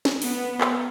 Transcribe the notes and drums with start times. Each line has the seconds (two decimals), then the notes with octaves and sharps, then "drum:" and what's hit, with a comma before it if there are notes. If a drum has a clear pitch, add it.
0.05 drum: snare
0.22 B3, drum: open hi-hat
0.61 drum: clap